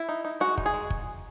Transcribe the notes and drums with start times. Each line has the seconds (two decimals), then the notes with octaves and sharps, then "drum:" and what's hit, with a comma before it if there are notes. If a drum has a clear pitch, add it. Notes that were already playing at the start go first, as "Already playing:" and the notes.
Already playing: E4
0.09 D#4
0.25 D#4
0.40 G#3 F#4
0.58 D#4, drum: kick
0.66 G#4
0.74 G#3
0.90 drum: kick